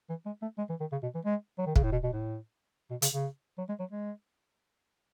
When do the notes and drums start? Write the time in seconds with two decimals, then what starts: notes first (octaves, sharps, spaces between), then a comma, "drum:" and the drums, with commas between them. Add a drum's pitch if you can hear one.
0.10 E3
0.26 G#3
0.42 A3
0.58 G#3
0.70 E3
0.80 D#3
0.92 C#3
1.03 B2
1.15 E3
1.25 G#3
1.59 F#3
1.66 D#3
1.76 C#3, drum: kick
1.84 A2
1.92 B2
2.03 B2
2.13 A2
2.91 B2
3.02 C#3, drum: hi-hat
3.14 C#3
3.58 F#3
3.69 G#3
3.80 F#3
3.91 G#3